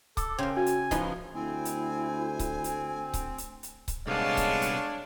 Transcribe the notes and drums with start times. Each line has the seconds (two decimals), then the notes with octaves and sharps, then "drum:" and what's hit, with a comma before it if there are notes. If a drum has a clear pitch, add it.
0.17 A4 D6, drum: kick C#1, hi-hat
0.38 C#3 A#4 C5 G5
0.57 F#4 G#5
0.66 drum: hi-hat
0.91 A2 F3 D#4 B4, drum: kick C#1, hi-hat
1.34 D2 C4 E4 G#5
1.65 drum: hi-hat
2.39 drum: kick C#1, hi-hat
2.64 drum: hi-hat
3.14 drum: kick C#1, hi-hat
3.38 drum: hi-hat
3.63 drum: hi-hat
3.88 drum: kick C#1, hi-hat
4.07 C2 G#3 B3 D4 C#5 F5 A5
4.37 drum: kick C#1, hi-hat
4.62 drum: hi-hat